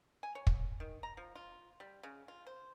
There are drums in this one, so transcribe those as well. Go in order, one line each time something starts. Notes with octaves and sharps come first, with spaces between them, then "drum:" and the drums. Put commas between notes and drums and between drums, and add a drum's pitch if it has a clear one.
G#5
C#5
drum: kick
D#3
A#5
F3
F4
G3
C#3
F4
C5